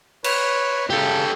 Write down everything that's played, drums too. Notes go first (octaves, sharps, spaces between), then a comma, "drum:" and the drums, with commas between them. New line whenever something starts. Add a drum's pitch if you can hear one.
B4 C#5, drum: cymbal
C#3 G4 A4